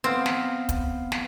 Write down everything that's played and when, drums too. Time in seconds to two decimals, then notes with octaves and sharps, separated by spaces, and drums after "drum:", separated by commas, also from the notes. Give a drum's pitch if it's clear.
0.04 B3 C4 F5
0.26 drum: snare
0.69 drum: kick, hi-hat
1.12 drum: snare